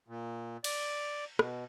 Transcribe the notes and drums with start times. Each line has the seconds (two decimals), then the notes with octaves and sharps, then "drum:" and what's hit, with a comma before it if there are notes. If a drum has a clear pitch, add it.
0.08 A#2
0.64 D5, drum: cymbal
1.39 B2, drum: rim click